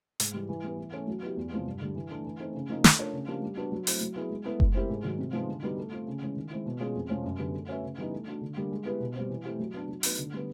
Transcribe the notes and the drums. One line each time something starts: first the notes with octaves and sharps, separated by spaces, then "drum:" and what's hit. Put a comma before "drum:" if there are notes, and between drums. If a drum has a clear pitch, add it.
G#2, drum: hi-hat
E3 G3
E3
G3 B3
E3
A3 C#4
F#3
B3 E4 G4
E2
C3 F3 G#3 B3
G2
D3 G3
E3
A3 D4
E3
A3 C4 D#4
C#3
F3 A#3 D#4
A3, drum: snare
D4 F4 A#4 C#5
C#3
F3 A#3 D4 G4
G3
B3 D4 F#4 B4
F#3
A3 C4 E4, drum: open hi-hat
F#3
B3 E4 G#4
G#3
B3 E4 A4
G#3, drum: kick F#1
C4 E4 G4 A#4
G#2
D#3 F#3
C3
F3 G#3 B3 D#4
D3
G3 B3 D#4 F#4
A3
C4 F4
C#3
E3 G#3 C#4
D#3
G#3 C4 E4
B2
G#3 C#4 F4 G#4
F2
C3 F3 G#3 C#4
F#2
D3 G3 B3
A3
C#4 F#4 B4 E5
C#3
E3 G3 B3 D#4
A3
D4 F#4
D3
G3 A#3 D4
G#3
B3 E4 G4 B4
B2
G3 C4
E3
A3 C4 E4 G4
F#3
B3 D4
F#3
B3 D#4 F#4, drum: open hi-hat
D3
G3 B3